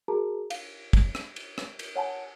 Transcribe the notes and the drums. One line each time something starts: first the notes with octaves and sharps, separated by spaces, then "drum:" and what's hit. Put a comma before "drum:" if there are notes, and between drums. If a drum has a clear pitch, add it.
F#4 G#4 A#4 A5 A#5
F5, drum: cymbal
drum: kick, cymbal
drum: rim click
drum: cymbal
drum: rim click
drum: cymbal
C#5 F#5 G#5 A5